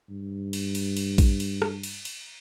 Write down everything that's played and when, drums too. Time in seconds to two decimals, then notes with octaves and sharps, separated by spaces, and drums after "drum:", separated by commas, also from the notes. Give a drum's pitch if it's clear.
0.09 G2
0.53 drum: cymbal
0.75 drum: cymbal
0.97 drum: cymbal
1.18 drum: kick A#1, cymbal
1.40 drum: cymbal
1.62 drum: rim click
1.83 drum: cymbal
2.05 drum: cymbal